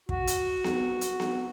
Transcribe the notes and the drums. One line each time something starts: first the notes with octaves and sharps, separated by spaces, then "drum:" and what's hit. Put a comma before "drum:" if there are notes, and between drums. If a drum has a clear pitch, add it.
F#4, drum: kick
drum: hi-hat
drum: snare B3
drum: hi-hat
drum: snare B3